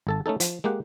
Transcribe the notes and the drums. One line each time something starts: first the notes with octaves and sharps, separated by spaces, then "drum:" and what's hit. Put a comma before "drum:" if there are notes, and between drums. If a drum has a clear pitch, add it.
G#1 A4 A5
A3 C#4 D#4 A4
F3, drum: hi-hat
G#3 A#3 G4 F#5